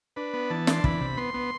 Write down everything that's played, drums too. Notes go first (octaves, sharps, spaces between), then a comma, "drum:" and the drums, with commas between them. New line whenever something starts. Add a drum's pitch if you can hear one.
D4 B4
B3
E3 A5
D4, drum: snare
C6
E3 B5, drum: kick
C3
B3 C6
B3